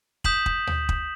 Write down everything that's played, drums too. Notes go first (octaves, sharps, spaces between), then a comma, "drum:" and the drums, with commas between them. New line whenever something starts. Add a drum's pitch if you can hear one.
D#6 G6 B6 E7 F#7, drum: kick
drum: kick
drum: tom D2
drum: kick